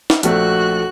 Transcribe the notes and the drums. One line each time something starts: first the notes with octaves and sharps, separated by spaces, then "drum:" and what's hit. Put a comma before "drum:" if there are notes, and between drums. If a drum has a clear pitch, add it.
drum: snare
A#1 A3 F#4 F#6, drum: hi-hat